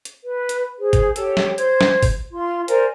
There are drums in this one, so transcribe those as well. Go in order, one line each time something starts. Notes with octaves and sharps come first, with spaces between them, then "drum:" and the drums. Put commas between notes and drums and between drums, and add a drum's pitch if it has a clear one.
drum: hi-hat
B4
drum: hi-hat
G#4 C5
drum: kick G1, hi-hat
G4 A4 C#5, drum: hi-hat
drum: snare
C5 G6 G#6, drum: hi-hat
drum: snare
drum: kick G1, open hi-hat
F4 C6
A#4 C5 D5 G#5, drum: hi-hat